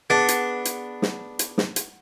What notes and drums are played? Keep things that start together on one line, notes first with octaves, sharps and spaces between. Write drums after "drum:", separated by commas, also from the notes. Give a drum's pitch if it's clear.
B3 D4 G#4
drum: hi-hat
drum: hi-hat
drum: snare
drum: hi-hat
drum: snare
drum: hi-hat